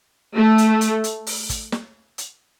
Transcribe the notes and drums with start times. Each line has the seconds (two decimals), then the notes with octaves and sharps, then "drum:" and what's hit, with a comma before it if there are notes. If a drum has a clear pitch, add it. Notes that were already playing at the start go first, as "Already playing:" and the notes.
0.35 A3
0.58 drum: hi-hat
0.81 drum: hi-hat
1.04 drum: hi-hat
1.27 drum: open hi-hat
1.49 drum: kick, hi-hat
1.72 drum: snare
2.18 drum: hi-hat